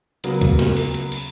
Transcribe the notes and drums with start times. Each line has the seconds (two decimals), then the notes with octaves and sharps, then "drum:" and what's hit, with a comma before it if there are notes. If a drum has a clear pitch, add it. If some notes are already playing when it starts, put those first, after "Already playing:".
0.24 C#3 F#3 A#3 B3, drum: hi-hat
0.41 drum: kick, hi-hat
0.59 drum: snare
0.77 drum: open hi-hat
0.94 drum: hi-hat
1.12 drum: open hi-hat